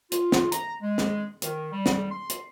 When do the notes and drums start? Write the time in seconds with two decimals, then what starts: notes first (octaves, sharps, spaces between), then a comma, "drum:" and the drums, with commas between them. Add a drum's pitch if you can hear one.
0.12 F4, drum: hi-hat
0.32 drum: snare
0.52 A#5, drum: hi-hat
0.82 G#3
0.98 drum: snare
1.42 D#3, drum: hi-hat
1.72 G3
1.86 drum: snare
2.12 C6
2.30 drum: hi-hat